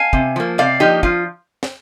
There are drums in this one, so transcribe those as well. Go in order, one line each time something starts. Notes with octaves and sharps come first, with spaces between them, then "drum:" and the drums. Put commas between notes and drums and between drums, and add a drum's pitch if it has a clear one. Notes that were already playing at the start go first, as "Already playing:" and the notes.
Already playing: F5 G#5
C3, drum: kick
F3 A#3
C3 D5 F5
F3 A#3 D#4 G4
F3 F4, drum: kick
drum: snare